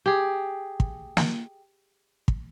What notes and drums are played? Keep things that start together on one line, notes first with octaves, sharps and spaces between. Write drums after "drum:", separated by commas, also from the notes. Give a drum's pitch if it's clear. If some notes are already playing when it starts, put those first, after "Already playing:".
G4 G#4
drum: kick
drum: snare
drum: kick